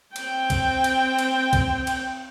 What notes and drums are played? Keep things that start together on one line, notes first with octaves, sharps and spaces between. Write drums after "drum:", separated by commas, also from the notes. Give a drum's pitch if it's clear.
C4 G5, drum: cymbal
drum: kick A#1, cymbal
drum: cymbal
drum: cymbal
drum: kick A#1, cymbal
drum: cymbal